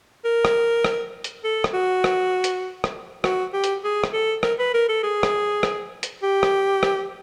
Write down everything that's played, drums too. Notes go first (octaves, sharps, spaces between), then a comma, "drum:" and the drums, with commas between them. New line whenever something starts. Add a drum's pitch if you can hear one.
A#4
drum: rim click
drum: rim click
drum: hi-hat
A4
drum: rim click
F#4
drum: rim click
drum: hi-hat
drum: rim click
F#4, drum: rim click
G4
drum: hi-hat
G#4
drum: rim click
A4
A#4, drum: rim click
B4
A#4
A4
G#4
drum: rim click
drum: rim click
drum: hi-hat
G4
drum: rim click
drum: rim click